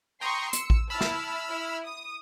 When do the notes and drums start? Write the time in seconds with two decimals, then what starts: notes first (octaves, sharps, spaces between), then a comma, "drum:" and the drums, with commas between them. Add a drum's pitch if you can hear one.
0.21 G5 A#5 C6 C#6 D#6 C7
0.53 E6 C#7, drum: hi-hat
0.70 drum: kick A1
0.90 E4 A5 B5 E6 F6
1.01 drum: snare
1.48 E4
1.84 D#6